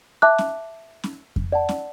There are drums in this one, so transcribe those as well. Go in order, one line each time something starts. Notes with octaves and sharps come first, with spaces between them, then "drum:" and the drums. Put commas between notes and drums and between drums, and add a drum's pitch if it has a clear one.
E5 A5 D6 F#6
drum: snare
drum: snare
drum: kick F2
D5 F#5 A5
drum: snare